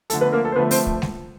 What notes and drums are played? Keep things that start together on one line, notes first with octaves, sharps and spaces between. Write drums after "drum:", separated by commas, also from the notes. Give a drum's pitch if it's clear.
D3 F3 A3 A4, drum: hi-hat
B3 B4
A#3 A#4
A4
C5
D3 F3 A3 B3 B4
C4 C5, drum: open hi-hat
drum: kick
drum: snare G#3